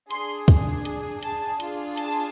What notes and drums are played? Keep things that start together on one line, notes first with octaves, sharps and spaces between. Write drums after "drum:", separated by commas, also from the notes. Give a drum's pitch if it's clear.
D4 G#4 C6, drum: hi-hat
drum: kick, hi-hat
drum: hi-hat
A5, drum: hi-hat
D4 F4 G#4, drum: hi-hat
A5, drum: hi-hat